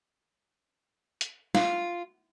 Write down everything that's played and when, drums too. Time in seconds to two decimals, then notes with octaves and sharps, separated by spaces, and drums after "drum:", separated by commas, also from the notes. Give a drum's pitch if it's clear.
1.21 drum: hi-hat
1.55 F4, drum: snare